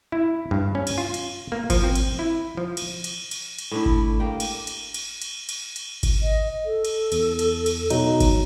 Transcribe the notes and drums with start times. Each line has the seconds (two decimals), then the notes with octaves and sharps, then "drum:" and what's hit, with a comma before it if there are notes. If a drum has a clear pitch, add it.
0.12 E4
0.51 G2
0.75 C#4
0.87 drum: cymbal
0.98 F4
1.14 drum: cymbal
1.52 A#3
1.70 F3, drum: kick G#1, cymbal
1.84 C4
1.95 drum: cymbal
2.19 E4
2.57 F3
2.77 drum: cymbal
3.04 drum: cymbal
3.31 drum: cymbal
3.59 drum: cymbal
3.71 A2 D4 E4
3.86 drum: kick G#1
4.20 A#3 G4 G5
4.40 drum: cymbal
4.67 drum: cymbal
4.94 drum: cymbal
5.22 drum: cymbal
5.49 drum: cymbal
5.76 drum: cymbal
6.03 drum: kick G#1, cymbal
6.22 D#5
6.66 A4
6.85 drum: cymbal
7.12 E2, drum: cymbal
7.39 drum: cymbal
7.66 drum: cymbal
7.90 B2 F#3 D#4, drum: cymbal
8.20 drum: kick G#1, cymbal